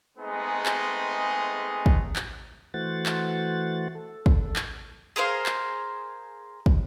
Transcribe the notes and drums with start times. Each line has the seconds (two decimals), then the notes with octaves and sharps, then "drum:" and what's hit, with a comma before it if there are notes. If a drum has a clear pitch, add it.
0.18 G#3 A3 B3 C4 D#4 G#4
0.66 drum: clap
1.86 drum: kick
2.16 drum: clap
2.74 E3 A3 F#4 C5 F#5 A6
3.06 drum: clap
3.95 A4
4.26 drum: kick
4.56 drum: clap
5.16 G#4 A#4 C5 F5
5.46 drum: clap
6.66 drum: kick